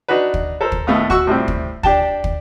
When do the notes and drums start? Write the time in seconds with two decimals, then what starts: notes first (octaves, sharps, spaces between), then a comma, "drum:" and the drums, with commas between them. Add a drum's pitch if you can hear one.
0.08 D4 D#4 F#4 B4
0.34 drum: kick
0.61 A4 A#4 C5
0.72 drum: kick
0.87 D#2 A2 A3 B3 F5 D#6
1.10 F#4 C#6 E6, drum: kick
1.27 A2 C3 G3 C4
1.48 drum: kick
1.83 D4 G4 G5 A5, drum: kick
2.24 drum: kick